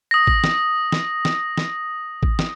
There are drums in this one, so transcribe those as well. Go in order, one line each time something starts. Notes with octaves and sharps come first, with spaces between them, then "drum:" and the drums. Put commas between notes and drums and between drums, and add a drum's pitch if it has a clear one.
D#6 A#6
drum: kick A1
drum: snare
drum: snare
drum: snare
drum: snare
drum: kick A1
drum: snare